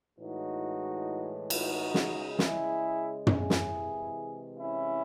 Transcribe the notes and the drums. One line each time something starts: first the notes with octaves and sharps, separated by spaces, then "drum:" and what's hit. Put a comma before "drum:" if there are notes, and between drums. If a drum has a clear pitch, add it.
A2 E3 G#3 D#4 F#4
D#4 F#4, drum: cymbal
C#3 G#3, drum: snare
E4 G#4, drum: snare
E4 G#4, drum: tom
drum: snare
C3 E3 G#3
C#4 E4